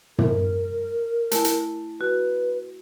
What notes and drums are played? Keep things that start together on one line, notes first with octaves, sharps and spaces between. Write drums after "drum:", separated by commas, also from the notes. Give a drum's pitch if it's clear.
A#4, drum: tom
A3 E4 G#5, drum: hi-hat
drum: hi-hat
F#4 B4